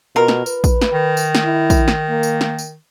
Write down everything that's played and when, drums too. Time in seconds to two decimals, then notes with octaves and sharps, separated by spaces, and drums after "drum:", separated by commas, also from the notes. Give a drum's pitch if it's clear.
0.16 B2 F4 A#4
0.28 drum: snare
0.46 B4, drum: tambourine
0.64 drum: kick, tambourine
0.82 drum: snare
0.93 D#3
1.17 drum: tambourine
1.35 drum: snare
1.44 E4
1.70 drum: kick, tambourine
1.88 drum: snare
2.09 A#3
2.23 drum: tambourine
2.41 drum: snare
2.59 drum: tambourine